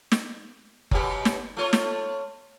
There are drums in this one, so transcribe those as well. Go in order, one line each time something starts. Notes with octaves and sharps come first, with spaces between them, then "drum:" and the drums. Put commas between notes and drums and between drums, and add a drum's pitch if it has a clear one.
drum: snare
F#2 B2 G4, drum: kick F#1
drum: snare
A3 F4 C#5
drum: snare